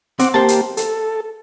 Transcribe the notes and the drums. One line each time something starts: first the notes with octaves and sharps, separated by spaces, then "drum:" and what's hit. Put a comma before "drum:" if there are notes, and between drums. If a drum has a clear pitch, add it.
C4 F#5 D6, drum: hi-hat
A#3 G4 C5 A5
drum: hi-hat
A4, drum: hi-hat